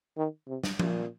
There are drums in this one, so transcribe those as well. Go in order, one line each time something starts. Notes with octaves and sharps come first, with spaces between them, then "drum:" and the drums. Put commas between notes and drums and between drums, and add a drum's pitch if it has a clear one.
D#3
C3
drum: snare
A#2, drum: tom F3